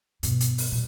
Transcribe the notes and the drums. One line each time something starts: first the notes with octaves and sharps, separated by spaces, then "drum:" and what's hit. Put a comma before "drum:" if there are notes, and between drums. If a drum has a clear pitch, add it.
G2 B2, drum: hi-hat
drum: hi-hat
drum: open hi-hat
A#2 G3